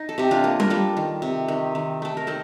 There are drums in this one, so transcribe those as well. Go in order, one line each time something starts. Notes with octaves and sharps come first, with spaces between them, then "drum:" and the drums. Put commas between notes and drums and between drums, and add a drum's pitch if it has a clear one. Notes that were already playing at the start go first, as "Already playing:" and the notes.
Already playing: D#4
A4
C3 G4
D4 F4
A#3
A#4, drum: tom G3
G3 F4 A4
D#3
C3
D#3
D#3
A3 A4
A#4
D#3 A4 C5